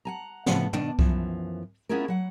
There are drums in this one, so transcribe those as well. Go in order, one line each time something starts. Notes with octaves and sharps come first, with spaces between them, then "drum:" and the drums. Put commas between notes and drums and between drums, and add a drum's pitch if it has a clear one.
F#5 G#5 A#5
A2 C#3 F3 B3 F#5, drum: snare
B2 D#3 D4 D#5, drum: tom
F#2 E3 F3, drum: kick C2
B3 C#4 E4 F4 G#4 A#4
F#3 F#5